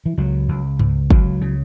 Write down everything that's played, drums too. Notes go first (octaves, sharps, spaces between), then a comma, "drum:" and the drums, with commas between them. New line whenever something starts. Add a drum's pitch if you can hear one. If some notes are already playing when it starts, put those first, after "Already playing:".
E3
C#2 F#3
C#2
C#2, drum: tom G#2
C#2 F#3, drum: kick G1
C#3